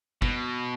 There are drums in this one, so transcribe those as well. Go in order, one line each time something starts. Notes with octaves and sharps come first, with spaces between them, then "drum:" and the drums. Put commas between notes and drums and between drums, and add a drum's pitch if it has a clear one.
B2, drum: kick G1